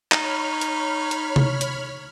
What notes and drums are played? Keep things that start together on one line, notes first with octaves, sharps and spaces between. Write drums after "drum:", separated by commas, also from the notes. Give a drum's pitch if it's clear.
D#4 C#5 B5 F6, drum: clap
drum: hi-hat
drum: hi-hat
drum: tom C3
drum: hi-hat